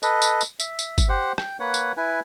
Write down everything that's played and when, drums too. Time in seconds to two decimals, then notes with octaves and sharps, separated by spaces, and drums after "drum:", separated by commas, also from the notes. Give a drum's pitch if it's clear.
0.03 A4 B4 D#5, drum: tambourine
0.22 drum: tambourine
0.41 drum: tambourine
0.60 E5, drum: tambourine
0.79 drum: tambourine
0.98 drum: kick, tambourine
1.09 G4 C5 F#5
1.38 G5, drum: rim click
1.60 A#3 B4 C#5 F#5
1.74 drum: tambourine
1.97 E4 B4 G#5